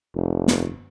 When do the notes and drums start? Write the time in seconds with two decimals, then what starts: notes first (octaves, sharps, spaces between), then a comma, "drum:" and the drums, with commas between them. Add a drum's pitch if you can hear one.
0.15 F1
0.48 drum: snare